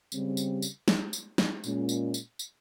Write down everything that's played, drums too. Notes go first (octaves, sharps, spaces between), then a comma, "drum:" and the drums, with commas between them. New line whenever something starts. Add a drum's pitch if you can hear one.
C#3 G3 C4, drum: tambourine
drum: tambourine
drum: tambourine
drum: snare
drum: tambourine
drum: snare
A#2 G#3 C#4, drum: tambourine
drum: tambourine
drum: tambourine
drum: tambourine